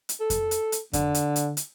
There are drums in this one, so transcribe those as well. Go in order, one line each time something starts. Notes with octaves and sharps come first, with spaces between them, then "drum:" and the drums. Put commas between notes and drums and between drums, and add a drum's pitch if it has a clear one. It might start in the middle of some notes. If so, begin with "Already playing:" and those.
drum: hi-hat
A4
drum: kick F2, hi-hat
drum: hi-hat
drum: hi-hat
D3, drum: kick F2, hi-hat
drum: hi-hat
drum: hi-hat
drum: hi-hat